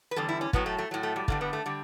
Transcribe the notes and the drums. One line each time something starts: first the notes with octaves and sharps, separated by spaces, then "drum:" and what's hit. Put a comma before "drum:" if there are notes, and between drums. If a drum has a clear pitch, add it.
B4
E2 D3 G3 A4
E4
C#4
A2 F#3 B3, drum: kick
A3
A3
A2 F#3
A3
G3
G2 D3 G3 A3, drum: kick
B3
A3
D3 G3